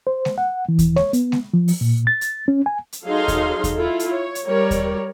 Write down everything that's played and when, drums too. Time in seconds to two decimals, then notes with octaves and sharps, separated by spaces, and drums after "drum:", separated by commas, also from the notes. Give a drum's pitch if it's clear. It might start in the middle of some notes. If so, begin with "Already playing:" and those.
0.07 C5
0.25 drum: snare G#3
0.38 F#5
0.69 E3
0.79 drum: kick D#2, hi-hat
0.96 C#5, drum: snare G#3
1.13 B3, drum: hi-hat
1.32 drum: snare G#3
1.54 F3
1.68 drum: open hi-hat
1.81 A#2
2.07 A6
2.21 drum: hi-hat
2.48 C#4
2.66 G#5
2.92 drum: hi-hat
3.06 F#3 D#4 G#4 A4 F5 C6
3.28 drum: kick D#2, hi-hat
3.64 drum: kick D#2, hi-hat
3.76 E4 F4 A4
3.99 drum: hi-hat
4.14 C#5
4.35 drum: hi-hat
4.46 G3 A#4 C#5 D5
4.71 drum: kick D#2, hi-hat